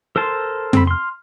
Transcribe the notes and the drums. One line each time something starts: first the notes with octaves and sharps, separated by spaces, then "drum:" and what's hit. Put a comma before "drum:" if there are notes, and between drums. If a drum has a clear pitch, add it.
A4 A#4 C5 A5 C6
C4 A4 B5, drum: tom F2
C6 F6